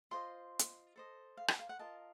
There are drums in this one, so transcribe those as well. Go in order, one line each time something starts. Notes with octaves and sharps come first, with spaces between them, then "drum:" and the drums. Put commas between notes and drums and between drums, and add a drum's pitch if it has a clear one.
F4 C5 D#5 C6
drum: hi-hat
A4 C5 D#5
F5
F#5, drum: rim click
F5
F#5
F4 A#4 D#5 A5